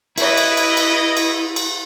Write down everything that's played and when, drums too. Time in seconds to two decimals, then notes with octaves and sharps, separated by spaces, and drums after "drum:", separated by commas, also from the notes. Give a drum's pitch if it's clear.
0.18 E4 B4 D#5, drum: cymbal
0.37 drum: cymbal
0.57 drum: cymbal
0.77 drum: cymbal
1.17 drum: cymbal
1.56 drum: cymbal